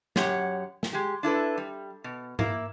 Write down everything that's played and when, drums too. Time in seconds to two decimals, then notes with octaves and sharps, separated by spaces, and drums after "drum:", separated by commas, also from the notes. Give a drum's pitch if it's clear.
0.16 F#2 G4 C#5 F#5, drum: snare
0.83 drum: snare
0.93 G#3 G4
1.23 D4 E4 A4 B4
1.57 G3
2.04 B2
2.39 A#3 E4, drum: tom G#2